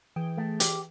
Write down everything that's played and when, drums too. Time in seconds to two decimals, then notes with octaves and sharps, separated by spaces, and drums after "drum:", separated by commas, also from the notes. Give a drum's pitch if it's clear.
0.16 E3 G#4 G5
0.38 A3
0.60 G4, drum: hi-hat